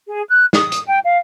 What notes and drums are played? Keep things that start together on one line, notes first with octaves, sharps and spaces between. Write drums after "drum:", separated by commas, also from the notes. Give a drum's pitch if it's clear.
G#4
F#6
D#6, drum: snare
drum: hi-hat
G5
F5